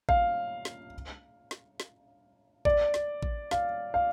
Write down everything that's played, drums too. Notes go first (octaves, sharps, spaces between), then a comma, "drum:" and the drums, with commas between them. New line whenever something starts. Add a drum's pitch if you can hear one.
F5, drum: kick A1
drum: snare
drum: snare
drum: snare
D5, drum: kick A1
drum: snare
drum: kick A1
F5, drum: snare
F5